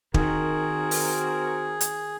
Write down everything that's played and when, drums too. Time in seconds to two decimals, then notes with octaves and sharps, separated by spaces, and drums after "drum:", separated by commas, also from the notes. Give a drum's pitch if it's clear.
0.14 D#3 C4 F#4 G#4 A#4, drum: kick
0.91 drum: open hi-hat
1.81 drum: hi-hat